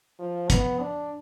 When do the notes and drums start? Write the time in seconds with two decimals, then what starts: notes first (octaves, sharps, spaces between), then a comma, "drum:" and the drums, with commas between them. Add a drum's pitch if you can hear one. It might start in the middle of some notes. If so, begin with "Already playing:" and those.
0.19 F3
0.50 B3, drum: kick, hi-hat
0.80 D4